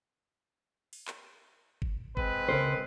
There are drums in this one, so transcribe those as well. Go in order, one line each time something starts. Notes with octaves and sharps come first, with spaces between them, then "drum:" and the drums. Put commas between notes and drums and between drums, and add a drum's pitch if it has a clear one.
drum: open hi-hat
drum: clap
drum: kick G1
G#3 C4 B4, drum: kick G1
C#2 A#4 C5